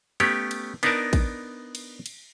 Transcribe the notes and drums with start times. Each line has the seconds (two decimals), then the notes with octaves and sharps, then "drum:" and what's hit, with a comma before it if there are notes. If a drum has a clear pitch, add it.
0.20 A3 B3 C#4 G4 C#5, drum: cymbal
0.51 drum: cymbal
0.83 B3 D4 D#4 A#4 D5 A5, drum: cymbal
1.13 drum: kick, cymbal
1.75 drum: cymbal
2.06 drum: cymbal